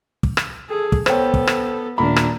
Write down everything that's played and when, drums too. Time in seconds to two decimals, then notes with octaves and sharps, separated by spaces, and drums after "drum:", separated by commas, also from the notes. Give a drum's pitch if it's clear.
0.23 drum: kick
0.37 drum: rim click
0.69 G#4 A4
0.92 drum: kick
1.06 B3 A4 C5 C#5 G5, drum: rim click
1.34 drum: kick
1.47 drum: rim click
1.98 D#1 D4 A#4 B5
2.16 drum: rim click